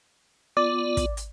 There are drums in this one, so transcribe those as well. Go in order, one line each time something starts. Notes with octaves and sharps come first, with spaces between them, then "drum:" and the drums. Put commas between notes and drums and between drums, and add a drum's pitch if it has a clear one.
B3 F4 D5
drum: kick, hi-hat
drum: hi-hat